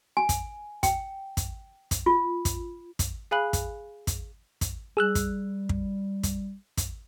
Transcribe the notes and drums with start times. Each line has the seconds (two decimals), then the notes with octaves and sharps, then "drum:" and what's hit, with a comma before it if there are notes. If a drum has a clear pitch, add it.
0.17 G#5
0.29 drum: kick, hi-hat
0.83 G5, drum: kick, hi-hat
1.37 drum: kick, hi-hat
1.91 drum: kick, hi-hat
2.06 F4
2.45 drum: kick, hi-hat
2.99 drum: kick, hi-hat
3.31 G#4 F5 G#5 B5 F#6 F#7
3.53 drum: kick, hi-hat
4.07 drum: kick, hi-hat
4.61 drum: kick, hi-hat
4.97 G3 G#4 E6 F#6
5.15 drum: kick, hi-hat
5.69 drum: kick
6.23 drum: kick, hi-hat
6.77 drum: kick, hi-hat